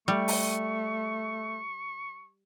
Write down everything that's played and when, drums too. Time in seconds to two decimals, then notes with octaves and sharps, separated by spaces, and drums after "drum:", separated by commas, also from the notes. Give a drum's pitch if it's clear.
0.08 G3 A3 C#6
0.28 drum: open hi-hat